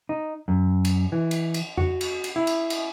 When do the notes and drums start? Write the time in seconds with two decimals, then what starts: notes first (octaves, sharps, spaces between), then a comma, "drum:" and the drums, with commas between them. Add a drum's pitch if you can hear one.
0.09 D#4
0.48 F#2
0.85 drum: cymbal
1.12 E3
1.31 drum: cymbal
1.54 drum: cymbal
1.77 F#4, drum: tom F2
2.01 drum: cymbal
2.24 drum: cymbal
2.36 E4
2.47 drum: cymbal
2.70 drum: cymbal